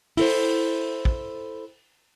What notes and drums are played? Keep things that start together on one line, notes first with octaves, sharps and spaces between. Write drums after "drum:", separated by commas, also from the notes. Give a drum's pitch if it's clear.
E4 A4 C5, drum: open hi-hat
drum: kick